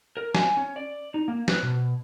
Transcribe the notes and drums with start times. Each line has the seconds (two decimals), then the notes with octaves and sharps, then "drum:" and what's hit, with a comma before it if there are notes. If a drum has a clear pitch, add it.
0.17 A#4
0.35 G#5, drum: snare
0.57 C#4
0.76 D5
1.14 D#4
1.28 A#3
1.48 B4, drum: snare
1.63 B2